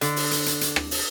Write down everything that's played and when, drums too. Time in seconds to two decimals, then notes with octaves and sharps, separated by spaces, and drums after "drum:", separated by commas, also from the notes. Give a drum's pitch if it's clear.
0.01 D3, drum: hi-hat
0.16 drum: open hi-hat
0.31 drum: hi-hat
0.46 drum: hi-hat
0.61 drum: hi-hat
0.76 drum: rim click
0.91 drum: open hi-hat